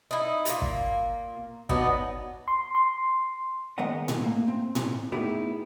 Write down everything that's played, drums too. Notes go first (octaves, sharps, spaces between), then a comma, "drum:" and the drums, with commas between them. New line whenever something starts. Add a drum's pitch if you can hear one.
D#4 E4
A#2 A#3, drum: hi-hat
drum: kick
F#3 B3 D4 D#4, drum: kick
C6
C6
D#3 G#3 B3 A#4 D#5 F#5
drum: tom A2
A3 A#3
C4
drum: tom A2
A3 B3 D#4 E4 G4 G#4